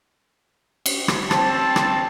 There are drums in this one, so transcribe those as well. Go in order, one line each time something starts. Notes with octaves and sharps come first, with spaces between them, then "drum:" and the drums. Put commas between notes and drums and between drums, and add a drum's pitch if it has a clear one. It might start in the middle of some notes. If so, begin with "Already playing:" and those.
drum: cymbal
drum: rim click
C4 A5, drum: rim click
drum: rim click